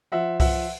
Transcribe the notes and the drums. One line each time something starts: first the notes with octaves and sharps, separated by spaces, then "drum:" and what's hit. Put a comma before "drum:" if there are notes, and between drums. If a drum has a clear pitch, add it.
F3 E5 F#5
F3 E5 F#5, drum: kick C2, open hi-hat